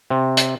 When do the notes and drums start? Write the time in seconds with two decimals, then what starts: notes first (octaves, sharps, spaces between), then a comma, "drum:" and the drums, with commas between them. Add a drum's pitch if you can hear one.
0.10 C3
0.37 drum: hi-hat